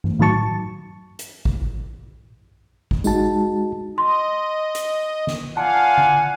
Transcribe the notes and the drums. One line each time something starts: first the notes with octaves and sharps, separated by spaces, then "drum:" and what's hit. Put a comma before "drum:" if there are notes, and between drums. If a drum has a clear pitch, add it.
drum: tom G2
A2 D#3 F#3 A5 C#6
drum: hi-hat
drum: kick
drum: kick
G#3 D#4 F#4 A5, drum: tambourine
D#5 C6
drum: hi-hat
drum: snare
F4 D5 F5 F#5 G#5 A5
drum: tom D3